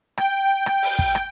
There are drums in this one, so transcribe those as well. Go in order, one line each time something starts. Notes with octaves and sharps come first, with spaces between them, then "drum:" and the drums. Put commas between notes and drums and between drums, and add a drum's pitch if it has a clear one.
G5, drum: rim click
drum: rim click
drum: open hi-hat
drum: kick
drum: rim click